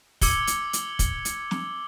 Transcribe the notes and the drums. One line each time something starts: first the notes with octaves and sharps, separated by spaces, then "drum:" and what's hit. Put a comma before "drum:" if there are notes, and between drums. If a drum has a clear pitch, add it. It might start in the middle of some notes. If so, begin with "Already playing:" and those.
D6 E6 G#6 C#7 F#7 G7, drum: kick, open hi-hat
drum: hi-hat
drum: hi-hat
drum: kick, hi-hat
drum: hi-hat
drum: snare